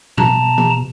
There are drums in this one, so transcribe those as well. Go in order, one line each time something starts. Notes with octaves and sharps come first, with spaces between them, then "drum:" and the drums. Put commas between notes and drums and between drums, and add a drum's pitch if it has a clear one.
B2 A5 A#5, drum: tom G#2
drum: tom E3